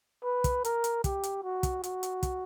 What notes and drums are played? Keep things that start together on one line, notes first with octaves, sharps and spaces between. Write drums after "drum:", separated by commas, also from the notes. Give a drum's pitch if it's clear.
B4
drum: kick, hi-hat
A#4, drum: hi-hat
drum: hi-hat
G4, drum: kick, hi-hat
drum: hi-hat
F#4
drum: kick, hi-hat
F#4, drum: hi-hat
drum: hi-hat
drum: kick, hi-hat